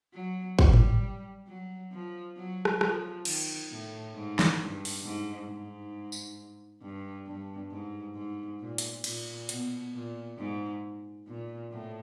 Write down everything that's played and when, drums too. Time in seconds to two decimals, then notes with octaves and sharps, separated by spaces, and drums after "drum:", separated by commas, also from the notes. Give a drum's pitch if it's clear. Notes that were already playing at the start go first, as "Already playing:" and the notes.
0.14 F#3
0.59 G3, drum: kick
0.73 drum: tom G#2
1.48 F#3
1.92 F3
2.37 F#3
2.65 drum: rim click
2.81 F3, drum: rim click
3.25 D#3, drum: cymbal
3.70 A2
4.14 G#2
4.39 drum: snare
4.59 G2
4.85 drum: open hi-hat
5.04 G#2
5.48 G#2
6.12 drum: tambourine
6.81 G2
7.26 G2
7.71 G#2
8.15 G#2
8.60 A#2
8.78 drum: hi-hat
9.04 A#2, drum: cymbal
9.49 B2, drum: hi-hat
9.94 A#2
10.38 G#2
11.27 A#2
11.72 A2